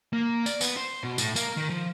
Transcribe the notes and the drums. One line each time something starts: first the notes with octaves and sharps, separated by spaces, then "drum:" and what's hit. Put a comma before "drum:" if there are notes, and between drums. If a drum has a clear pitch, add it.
A#3
D5, drum: tambourine
B3, drum: tambourine
C5
B2
A2, drum: tambourine
A#3, drum: tambourine
D#3
F3